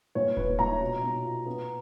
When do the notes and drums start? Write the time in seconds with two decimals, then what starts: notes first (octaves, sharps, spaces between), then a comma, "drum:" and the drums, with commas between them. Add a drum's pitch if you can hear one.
0.15 A#2 C#5
0.37 A#2 B4, drum: kick D#1
0.59 A#2 A#5
0.80 B2
1.02 B2
1.24 F4
1.46 B3